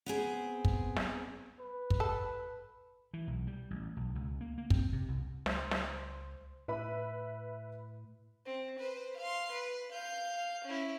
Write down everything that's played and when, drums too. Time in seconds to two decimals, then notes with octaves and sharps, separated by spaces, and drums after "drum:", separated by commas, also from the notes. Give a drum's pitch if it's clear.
0.06 B3 C4 G#4 C5
0.65 drum: kick
0.96 drum: snare
1.61 B4
1.90 drum: kick
2.00 A4
3.14 E3
3.27 B1
3.47 G3
3.70 A1
3.97 B1
4.15 C#2
4.41 A#3
4.58 A#3
4.70 C4, drum: kick
4.92 C3
5.08 C2
5.46 C#2 C5, drum: snare
5.71 drum: snare
6.68 A2 B4 E5 B5
8.46 C4
8.80 B4 C5
9.18 F5 C6
9.52 B4
9.93 F5 G6
10.65 C#4 E4